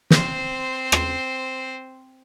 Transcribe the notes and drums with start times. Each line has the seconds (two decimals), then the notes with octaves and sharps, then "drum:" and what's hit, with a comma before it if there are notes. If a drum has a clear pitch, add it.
0.11 C4 C5, drum: snare
0.92 drum: rim click